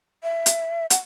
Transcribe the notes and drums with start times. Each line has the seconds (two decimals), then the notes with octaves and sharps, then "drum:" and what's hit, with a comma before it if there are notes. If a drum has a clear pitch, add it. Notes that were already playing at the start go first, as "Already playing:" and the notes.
0.23 E5
0.46 drum: hi-hat
0.90 F#5, drum: hi-hat